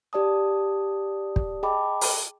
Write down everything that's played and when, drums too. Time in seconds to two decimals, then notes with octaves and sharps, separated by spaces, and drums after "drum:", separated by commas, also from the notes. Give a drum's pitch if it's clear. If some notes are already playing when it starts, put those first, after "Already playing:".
0.13 G4 D5 A5 D#6
1.36 drum: kick
1.63 G#4 D#5 G5 A5 B5 D6
2.01 drum: open hi-hat